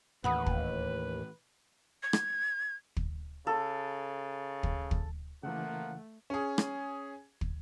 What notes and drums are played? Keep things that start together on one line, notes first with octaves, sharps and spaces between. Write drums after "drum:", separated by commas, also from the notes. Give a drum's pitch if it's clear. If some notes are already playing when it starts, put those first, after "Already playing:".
D#2 A2 E3 A3 B4 F#5 B5 D#6
drum: kick
G#6
drum: rim click
drum: kick
C#3 A4
drum: kick
drum: kick
F#1 C#3 E3 F3 A3 A#3 F#5
C#4 G#4
drum: rim click
drum: kick